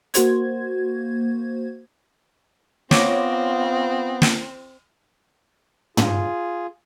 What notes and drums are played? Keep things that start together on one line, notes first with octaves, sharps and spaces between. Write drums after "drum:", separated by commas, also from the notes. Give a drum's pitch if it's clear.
A#3 F#4 C5 G#6, drum: hi-hat
B3 C4 F4 C#5 D6 A#6, drum: snare
drum: snare
F4 G#4, drum: tom